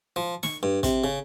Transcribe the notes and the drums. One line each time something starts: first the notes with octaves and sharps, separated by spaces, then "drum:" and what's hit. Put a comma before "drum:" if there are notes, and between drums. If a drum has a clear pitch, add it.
F3
C#6, drum: snare
G2
C3, drum: kick, hi-hat
C#3